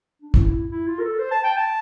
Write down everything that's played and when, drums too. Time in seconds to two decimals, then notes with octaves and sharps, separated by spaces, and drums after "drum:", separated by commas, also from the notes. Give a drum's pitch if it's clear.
0.22 D4
0.34 E4, drum: kick
0.46 E4
0.71 E4
0.87 F4
0.99 A#4
1.04 A4
1.19 C5
1.31 A5
1.44 G5
1.57 A5